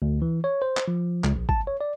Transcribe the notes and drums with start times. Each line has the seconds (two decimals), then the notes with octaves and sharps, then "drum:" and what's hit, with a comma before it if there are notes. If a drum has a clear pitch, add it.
0.02 D2
0.22 E3
0.44 C#5
0.62 C5
0.77 drum: clap
0.88 F3
1.24 C#2, drum: clap
1.36 A#1
1.49 A5, drum: kick
1.67 C#5
1.81 D5